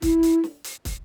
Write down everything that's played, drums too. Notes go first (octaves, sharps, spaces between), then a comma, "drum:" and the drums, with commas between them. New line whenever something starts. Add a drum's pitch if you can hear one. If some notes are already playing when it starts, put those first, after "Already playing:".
E4, drum: kick, hi-hat
drum: hi-hat
drum: snare
drum: hi-hat
drum: kick, hi-hat